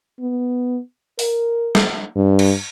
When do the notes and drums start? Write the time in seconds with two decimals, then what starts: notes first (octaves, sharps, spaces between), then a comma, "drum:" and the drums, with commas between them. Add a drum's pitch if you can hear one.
0.20 B3
1.19 A#4, drum: open hi-hat
1.75 drum: snare
2.16 G2
2.39 drum: cymbal